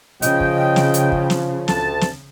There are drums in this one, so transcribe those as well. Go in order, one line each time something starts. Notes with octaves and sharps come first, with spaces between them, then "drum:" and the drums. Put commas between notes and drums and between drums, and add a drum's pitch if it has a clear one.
C#3 F3 D#5 G5, drum: hi-hat
drum: kick
drum: snare
drum: hi-hat
drum: kick
drum: snare
D2 A5, drum: snare
drum: snare